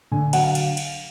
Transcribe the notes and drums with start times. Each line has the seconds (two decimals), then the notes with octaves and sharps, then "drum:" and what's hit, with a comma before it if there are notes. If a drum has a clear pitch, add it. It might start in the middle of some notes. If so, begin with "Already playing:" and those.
0.12 D3 G#5
0.33 F#3 F#5, drum: cymbal
0.44 F5
0.55 drum: cymbal
0.77 drum: cymbal